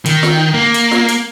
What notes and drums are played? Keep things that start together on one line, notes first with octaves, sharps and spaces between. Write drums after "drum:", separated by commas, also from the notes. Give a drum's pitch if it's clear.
D#3, drum: hi-hat
drum: snare
A#3
drum: hi-hat
drum: snare
drum: hi-hat